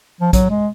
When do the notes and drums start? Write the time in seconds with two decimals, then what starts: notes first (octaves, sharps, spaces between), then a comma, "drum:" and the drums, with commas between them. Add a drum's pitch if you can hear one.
0.21 F3
0.33 F#3, drum: kick, hi-hat
0.50 G#3